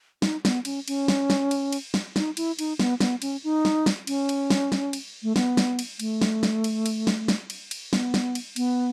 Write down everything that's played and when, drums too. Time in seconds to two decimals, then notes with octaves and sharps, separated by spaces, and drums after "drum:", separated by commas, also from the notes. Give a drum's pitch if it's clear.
0.22 D#4, drum: snare
0.45 B3, drum: snare
0.65 C#4, drum: cymbal
0.88 C#4, drum: cymbal
1.08 drum: snare
1.30 drum: snare
1.51 drum: cymbal
1.72 drum: cymbal
1.94 drum: snare
2.16 D#4, drum: snare
2.37 E4, drum: cymbal
2.59 D#4, drum: cymbal
2.80 B3, drum: snare
3.00 B3, drum: snare
3.22 C#4, drum: cymbal
3.44 D#4
3.65 drum: snare
3.86 drum: snare
4.07 C#4, drum: cymbal
4.29 drum: cymbal
4.50 drum: snare
4.72 drum: snare
4.93 drum: cymbal
5.23 A3
5.36 B3, drum: snare
5.57 drum: snare
5.79 drum: cymbal
6.00 A3, drum: cymbal
6.21 drum: snare
6.43 drum: snare
6.64 drum: cymbal
6.86 drum: cymbal
7.07 drum: snare
7.28 drum: snare
7.50 drum: cymbal
7.71 drum: cymbal
7.93 B3, drum: snare
8.14 drum: snare
8.35 drum: cymbal
8.56 B3, drum: cymbal